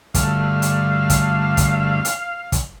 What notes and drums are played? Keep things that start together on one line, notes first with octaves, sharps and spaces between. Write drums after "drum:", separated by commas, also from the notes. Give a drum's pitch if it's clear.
G2 D3 A3 F5, drum: kick, hi-hat
drum: hi-hat
drum: kick, hi-hat
drum: kick, hi-hat
drum: hi-hat
drum: kick, hi-hat